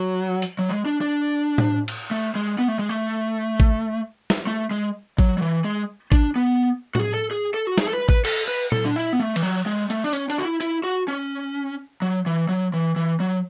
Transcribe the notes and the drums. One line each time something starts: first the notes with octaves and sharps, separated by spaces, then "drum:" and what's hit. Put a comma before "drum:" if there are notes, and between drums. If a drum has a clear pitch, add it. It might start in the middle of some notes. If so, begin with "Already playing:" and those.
Already playing: F#3
drum: hi-hat
F#3
G#3
D4
D4
drum: tom A2
drum: cymbal
A3
G#3
B3
A3
G#3
A3
drum: kick
drum: snare
A3
G#3
F#3, drum: kick
F#3
E3
G#3
D4, drum: kick
B3
F#4, drum: tom A2
G#4
A4
G#4
A4
F#4
G#4, drum: snare
A4
B4
B4, drum: kick
A4, drum: cymbal
B4
A4, drum: tom A#2
D4
E4
B3
A3
E3, drum: cymbal
F#3
G#3
A3, drum: hi-hat
D4
C#4, drum: tambourine
D4, drum: hi-hat
F#4
E4
E4, drum: hi-hat
F#4
C#4
F#3
E3
F#3
E3
E3
F#3